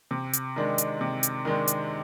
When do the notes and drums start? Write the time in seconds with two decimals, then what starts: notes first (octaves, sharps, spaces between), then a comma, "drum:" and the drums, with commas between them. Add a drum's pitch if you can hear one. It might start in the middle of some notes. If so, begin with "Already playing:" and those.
0.11 C3
0.33 drum: hi-hat
0.56 D#3 G#3 D4
0.78 drum: hi-hat
1.01 C3
1.23 drum: hi-hat
1.45 D#3 G#3 D4
1.68 drum: hi-hat